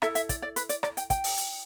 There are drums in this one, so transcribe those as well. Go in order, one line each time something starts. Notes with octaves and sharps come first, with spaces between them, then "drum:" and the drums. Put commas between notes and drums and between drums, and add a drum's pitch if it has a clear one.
E4 A4 E5, drum: rim click
E5, drum: hi-hat
D5, drum: kick, hi-hat
D5
B4, drum: hi-hat
D5, drum: hi-hat
D5, drum: rim click
G5, drum: hi-hat
G5, drum: kick, hi-hat
drum: open hi-hat
drum: hi-hat